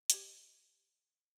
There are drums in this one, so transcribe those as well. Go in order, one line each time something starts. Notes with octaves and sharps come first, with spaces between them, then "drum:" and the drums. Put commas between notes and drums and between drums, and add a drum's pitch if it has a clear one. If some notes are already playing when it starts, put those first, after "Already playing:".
G4 C#5 D#5, drum: hi-hat